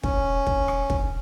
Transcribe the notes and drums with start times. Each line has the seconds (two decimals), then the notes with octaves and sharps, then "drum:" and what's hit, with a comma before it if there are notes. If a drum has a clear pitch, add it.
0.03 C#4, drum: kick
0.47 drum: kick
0.68 drum: rim click
0.90 drum: kick